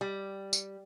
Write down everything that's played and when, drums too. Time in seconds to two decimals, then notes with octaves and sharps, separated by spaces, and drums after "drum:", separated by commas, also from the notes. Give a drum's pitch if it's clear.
0.01 G3
0.53 drum: tambourine